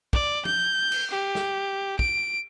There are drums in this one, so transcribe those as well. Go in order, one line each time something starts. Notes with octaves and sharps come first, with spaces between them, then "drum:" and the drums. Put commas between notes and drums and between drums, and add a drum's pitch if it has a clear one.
D5, drum: kick
G6, drum: tom
drum: cymbal
G4
drum: snare
D7, drum: kick